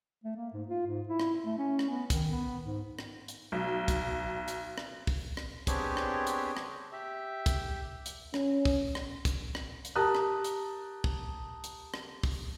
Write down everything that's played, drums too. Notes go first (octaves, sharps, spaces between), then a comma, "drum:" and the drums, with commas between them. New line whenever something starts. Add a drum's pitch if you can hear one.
A3
A#3
G#2
F4
G#2
E4
drum: rim click
A3
C#4
drum: rim click
B3
D#3, drum: kick, hi-hat
B3
G#2
drum: rim click
drum: hi-hat
B1
drum: kick, hi-hat
drum: hi-hat
drum: rim click
drum: kick, open hi-hat
drum: rim click
B3 C4 D4 G4 G#4 C#5, drum: kick, hi-hat
drum: rim click
drum: hi-hat
drum: rim click
G4 E5
drum: kick, hi-hat
drum: hi-hat
C#4, drum: rim click
drum: kick, open hi-hat
drum: rim click
drum: kick, hi-hat
drum: rim click
drum: hi-hat
G4 A#4 A5 A#5 D#6 F#6
drum: rim click
drum: hi-hat
drum: kick
drum: hi-hat
drum: rim click
drum: kick, open hi-hat